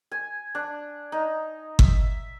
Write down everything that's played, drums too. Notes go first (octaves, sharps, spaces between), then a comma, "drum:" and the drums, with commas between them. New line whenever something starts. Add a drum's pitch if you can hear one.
G#5
D4
D#4
E5, drum: kick G1